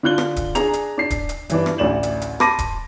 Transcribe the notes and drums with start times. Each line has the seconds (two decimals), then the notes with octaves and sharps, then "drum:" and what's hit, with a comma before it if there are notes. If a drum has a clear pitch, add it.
0.03 D3 F4 F#6 G7
0.18 drum: rim click
0.36 drum: kick D1, hi-hat
0.55 D4 G#4 A#5 F7, drum: hi-hat
0.73 drum: hi-hat
0.98 D4 C7
1.10 drum: kick D1, hi-hat
1.29 drum: hi-hat
1.50 G2 E3 D4, drum: hi-hat
1.66 drum: rim click
1.78 A1 D2 D5 E7 F#7
2.03 drum: hi-hat
2.22 drum: hi-hat
2.40 A5 B5 C6 D6 A#6 D#7, drum: rim click
2.59 drum: kick D1, hi-hat